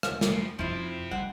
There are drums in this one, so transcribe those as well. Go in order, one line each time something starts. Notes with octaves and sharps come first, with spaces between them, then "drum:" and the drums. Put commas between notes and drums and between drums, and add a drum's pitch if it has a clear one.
drum: rim click
G2 F3 G3, drum: snare
F2 F3 D#4 E4 G4 C5
G3 D#4 F#5